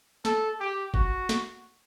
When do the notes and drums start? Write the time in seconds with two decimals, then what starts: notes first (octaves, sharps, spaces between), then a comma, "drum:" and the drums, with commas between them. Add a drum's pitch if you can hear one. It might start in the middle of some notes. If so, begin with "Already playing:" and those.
0.25 A4, drum: snare
0.60 G4
0.94 F#4, drum: kick G1
1.29 drum: snare